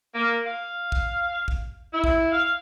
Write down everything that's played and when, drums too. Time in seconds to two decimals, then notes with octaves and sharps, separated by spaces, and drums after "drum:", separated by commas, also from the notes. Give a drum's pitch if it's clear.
0.15 A#3
0.45 F5
0.92 drum: kick
1.48 drum: kick
1.92 E4
2.04 drum: kick
2.32 F5